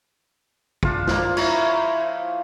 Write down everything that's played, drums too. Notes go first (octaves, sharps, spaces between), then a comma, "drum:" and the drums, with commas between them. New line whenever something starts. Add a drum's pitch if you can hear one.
D4 F4 A5, drum: kick
F3 A#3, drum: snare
E4 C#5 A#5, drum: cymbal